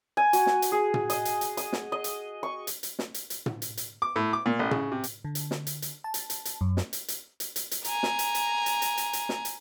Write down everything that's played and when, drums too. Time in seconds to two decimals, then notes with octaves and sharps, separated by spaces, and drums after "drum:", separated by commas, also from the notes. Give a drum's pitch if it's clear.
0.17 G#5
0.33 F#4, drum: hi-hat
0.47 drum: snare
0.62 drum: hi-hat
0.72 G#4
0.94 drum: tom
1.10 D#5, drum: hi-hat
1.25 drum: hi-hat
1.41 drum: hi-hat
1.57 D#6, drum: hi-hat
1.73 drum: snare
1.92 D#5
2.04 drum: hi-hat
2.43 C#6
2.67 drum: hi-hat
2.83 drum: hi-hat
2.99 drum: snare
3.14 drum: hi-hat
3.30 drum: hi-hat
3.46 drum: tom
3.62 drum: hi-hat
3.77 drum: hi-hat
4.02 D6
4.16 A2
4.33 D6
4.46 A#2
4.59 A1
4.71 C#3, drum: tom
4.92 C3
5.04 drum: hi-hat
5.25 D3
5.35 drum: hi-hat
5.51 drum: snare
5.67 drum: hi-hat
5.82 drum: hi-hat
6.04 A5
6.14 drum: hi-hat
6.30 drum: hi-hat
6.45 drum: hi-hat
6.61 F#2
6.77 drum: snare
6.93 drum: hi-hat
7.08 drum: hi-hat
7.40 drum: hi-hat
7.56 drum: hi-hat
7.71 drum: hi-hat
7.84 G#5 A#5, drum: hi-hat
8.03 drum: snare
8.19 drum: hi-hat
8.34 drum: hi-hat
8.66 drum: hi-hat
8.82 drum: hi-hat
8.98 drum: hi-hat
9.13 drum: hi-hat
9.29 drum: snare
9.45 drum: hi-hat